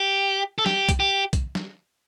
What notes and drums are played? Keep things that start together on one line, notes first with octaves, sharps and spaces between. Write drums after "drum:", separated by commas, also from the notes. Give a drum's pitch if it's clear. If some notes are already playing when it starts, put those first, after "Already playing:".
Already playing: G4
A4
G4, drum: snare
drum: kick B1, hi-hat
G4
drum: kick B1, hi-hat
drum: snare